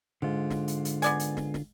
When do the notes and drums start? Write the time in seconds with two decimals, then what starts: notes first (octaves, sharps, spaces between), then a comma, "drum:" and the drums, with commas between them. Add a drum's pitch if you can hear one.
0.22 G#2 D3 F4
0.50 drum: snare
0.68 drum: hi-hat
0.85 drum: hi-hat
1.02 B3 D5 G#5, drum: hi-hat
1.19 drum: hi-hat
1.37 drum: snare
1.54 drum: snare